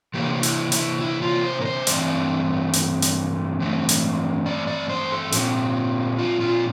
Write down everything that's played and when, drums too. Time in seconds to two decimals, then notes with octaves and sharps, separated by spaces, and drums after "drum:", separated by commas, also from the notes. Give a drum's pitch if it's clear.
0.14 C3 E3 A#3 G4
0.43 E4, drum: hi-hat
0.72 E4, drum: hi-hat
1.01 E4
1.22 F4
1.44 C5
1.61 A#4
1.65 C5
1.87 G2 E3 A3 C4 D5, drum: hi-hat
2.73 drum: hi-hat
3.02 drum: hi-hat
3.60 G2 E3 A3 C4
3.89 drum: hi-hat
4.46 D5
4.67 D5
4.89 C5
5.12 A4
5.32 A#2 F3 C4 G4, drum: hi-hat
6.18 F4
6.41 F4